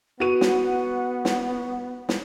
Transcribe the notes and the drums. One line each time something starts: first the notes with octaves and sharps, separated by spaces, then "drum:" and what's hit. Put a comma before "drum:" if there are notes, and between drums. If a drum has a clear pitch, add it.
B3 F#4 B4 F#5 D#7
drum: snare
drum: snare
drum: snare